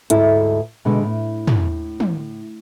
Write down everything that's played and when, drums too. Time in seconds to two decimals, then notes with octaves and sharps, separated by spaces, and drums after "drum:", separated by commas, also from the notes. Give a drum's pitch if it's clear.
0.10 D2 G#2 E4 A4, drum: hi-hat
0.85 B2 D3 G#3
1.03 A2
1.47 drum: tom
2.00 drum: tom